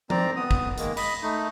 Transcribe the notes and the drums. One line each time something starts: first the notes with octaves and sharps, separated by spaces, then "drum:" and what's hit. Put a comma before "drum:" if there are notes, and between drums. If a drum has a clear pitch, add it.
C4 D5 A#5, drum: tom
B3 D#6
drum: kick
D#3 G#3 A#3, drum: hi-hat
D#5 B5, drum: cymbal
A3 D#4